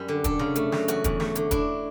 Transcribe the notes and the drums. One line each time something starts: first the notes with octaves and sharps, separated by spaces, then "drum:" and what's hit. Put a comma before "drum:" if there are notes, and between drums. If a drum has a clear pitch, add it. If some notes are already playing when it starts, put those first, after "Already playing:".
Already playing: F#2 G3
D3
D4 A4, drum: kick, hi-hat
C#3, drum: tom C3
A3, drum: hi-hat
F#3, drum: snare
E2 F#4, drum: hi-hat
E2, drum: kick, hi-hat
A3, drum: snare
D3, drum: hi-hat
D4 E4, drum: kick, hi-hat